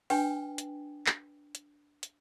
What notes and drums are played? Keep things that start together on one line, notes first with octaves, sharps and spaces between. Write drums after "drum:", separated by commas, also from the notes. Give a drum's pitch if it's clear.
D4 B4 G5 G#5, drum: open hi-hat
drum: hi-hat
drum: clap
drum: hi-hat
drum: hi-hat